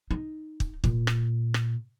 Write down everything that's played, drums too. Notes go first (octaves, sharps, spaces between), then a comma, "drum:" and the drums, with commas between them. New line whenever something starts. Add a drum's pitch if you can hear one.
D#4
drum: kick
A#2, drum: kick
drum: rim click
drum: rim click